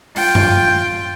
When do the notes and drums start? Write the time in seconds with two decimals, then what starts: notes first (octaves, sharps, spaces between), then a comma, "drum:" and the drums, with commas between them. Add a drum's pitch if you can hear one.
0.16 F4 G5, drum: open hi-hat
0.35 drum: tom F#2